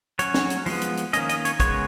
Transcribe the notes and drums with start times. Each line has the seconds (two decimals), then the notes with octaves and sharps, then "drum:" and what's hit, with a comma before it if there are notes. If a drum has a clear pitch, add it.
0.19 F#3 C#4 C#5, drum: hi-hat
0.34 drum: snare
0.50 drum: hi-hat
0.66 F3 G#3 B3, drum: open hi-hat
0.82 drum: hi-hat
0.97 drum: hi-hat
1.13 D#3 A#3 C#4 D#5, drum: hi-hat
1.29 D#5, drum: hi-hat
1.45 C#5, drum: hi-hat
1.60 C#3 G#3 B3 C#5, drum: kick, hi-hat